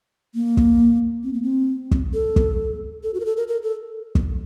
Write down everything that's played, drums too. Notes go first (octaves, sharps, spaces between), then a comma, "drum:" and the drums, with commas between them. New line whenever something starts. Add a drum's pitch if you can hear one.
A#3
drum: kick
C4
A#3
C4
drum: kick
A4
drum: kick
A4
F#4
A#4
A4
A#4
A#4
A4
drum: kick